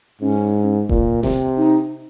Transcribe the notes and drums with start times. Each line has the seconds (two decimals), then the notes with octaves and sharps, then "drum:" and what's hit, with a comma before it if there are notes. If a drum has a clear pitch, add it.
0.21 G#2 C#4
0.89 A#2, drum: kick D#1
1.23 C3, drum: snare D#1
1.57 D#4